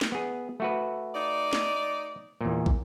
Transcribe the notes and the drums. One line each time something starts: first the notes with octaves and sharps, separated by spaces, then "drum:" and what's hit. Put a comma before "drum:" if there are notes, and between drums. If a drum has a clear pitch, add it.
drum: snare
B3 G#4
A3 F#4 B4
D#4 D5
drum: snare
E2 A#2
drum: kick